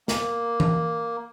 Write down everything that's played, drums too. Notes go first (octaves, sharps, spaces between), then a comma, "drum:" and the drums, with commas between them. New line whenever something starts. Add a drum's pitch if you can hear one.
A#3, drum: snare
drum: tom E3